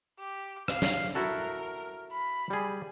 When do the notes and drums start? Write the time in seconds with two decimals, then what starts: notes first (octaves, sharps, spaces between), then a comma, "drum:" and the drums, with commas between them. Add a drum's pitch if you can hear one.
0.19 G4
0.68 F5, drum: rim click
0.82 drum: snare
1.15 E4 F#4 A4 A#4
2.11 B5
2.50 G3 G#4